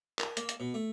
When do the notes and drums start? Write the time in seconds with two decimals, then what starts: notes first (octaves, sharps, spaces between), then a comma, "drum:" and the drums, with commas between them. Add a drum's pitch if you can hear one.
0.19 A#4, drum: clap
0.37 A#3, drum: hi-hat
0.49 drum: hi-hat
0.60 B2
0.74 A3